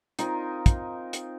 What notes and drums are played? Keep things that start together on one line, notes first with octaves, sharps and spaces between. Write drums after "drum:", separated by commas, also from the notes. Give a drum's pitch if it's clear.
C4 D#4 F4 A#4, drum: hi-hat
drum: kick, hi-hat
drum: hi-hat